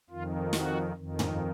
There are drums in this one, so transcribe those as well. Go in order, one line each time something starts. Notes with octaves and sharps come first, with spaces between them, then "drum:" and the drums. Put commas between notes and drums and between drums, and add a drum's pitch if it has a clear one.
F2 D#3 F4
F#4, drum: snare
F2 D#3
drum: tom